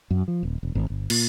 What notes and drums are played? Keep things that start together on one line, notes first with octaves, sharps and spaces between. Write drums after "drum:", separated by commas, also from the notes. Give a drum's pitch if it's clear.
F#2
F3
D#1
E1
G#1
G1
A#2, drum: cymbal